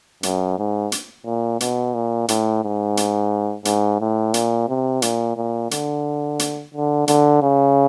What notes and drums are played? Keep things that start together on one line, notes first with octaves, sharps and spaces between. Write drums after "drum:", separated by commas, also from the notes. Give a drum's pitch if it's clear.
F#2, drum: hi-hat
G#2
drum: hi-hat
A#2
B2, drum: hi-hat
A#2
A2, drum: hi-hat
G#2
drum: hi-hat
G#2, drum: hi-hat
A2
A#2, drum: hi-hat
C3
A#2, drum: hi-hat
A#2
D3, drum: hi-hat
drum: hi-hat
D3
D3, drum: hi-hat
C#3